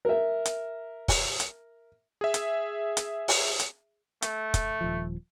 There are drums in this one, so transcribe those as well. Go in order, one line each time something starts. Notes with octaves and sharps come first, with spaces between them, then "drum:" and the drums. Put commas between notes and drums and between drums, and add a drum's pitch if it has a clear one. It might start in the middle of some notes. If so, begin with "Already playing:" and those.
A#4 E5
drum: hi-hat
drum: kick, open hi-hat
drum: hi-hat
G#4 E5
drum: hi-hat
drum: hi-hat
drum: open hi-hat
drum: hi-hat
A3, drum: hi-hat
drum: kick, hi-hat
D#1 F3